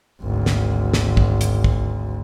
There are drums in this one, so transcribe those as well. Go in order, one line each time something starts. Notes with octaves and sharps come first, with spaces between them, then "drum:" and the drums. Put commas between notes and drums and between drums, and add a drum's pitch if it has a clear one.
G#1 D2
drum: snare
drum: snare
drum: kick
drum: hi-hat
drum: kick